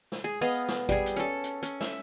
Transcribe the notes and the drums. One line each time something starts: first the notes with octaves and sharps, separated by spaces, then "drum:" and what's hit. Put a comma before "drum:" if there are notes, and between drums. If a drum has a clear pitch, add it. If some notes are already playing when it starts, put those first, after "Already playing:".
drum: snare
G#4
B3 G#4 D#5 F5
drum: snare
G3 G#4, drum: kick G#1, hi-hat
drum: hi-hat
C#4 A4
drum: hi-hat
C#4, drum: hi-hat
E5, drum: snare